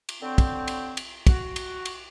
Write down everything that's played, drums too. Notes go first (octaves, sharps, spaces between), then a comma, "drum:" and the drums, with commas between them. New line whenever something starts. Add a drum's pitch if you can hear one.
drum: cymbal
D3 C4 C5 C#5
drum: kick, cymbal
drum: cymbal
drum: cymbal
F#4, drum: kick, cymbal
drum: cymbal
drum: cymbal